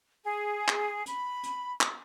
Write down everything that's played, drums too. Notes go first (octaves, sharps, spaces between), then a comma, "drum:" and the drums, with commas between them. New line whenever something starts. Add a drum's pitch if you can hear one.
G#4
drum: clap
B5, drum: hi-hat
drum: hi-hat
drum: clap